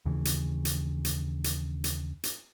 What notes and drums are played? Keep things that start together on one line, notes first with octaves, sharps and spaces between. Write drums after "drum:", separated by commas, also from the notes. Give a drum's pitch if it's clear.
D#2 C#3 E3
drum: hi-hat
drum: hi-hat
drum: hi-hat
drum: hi-hat
drum: hi-hat
drum: hi-hat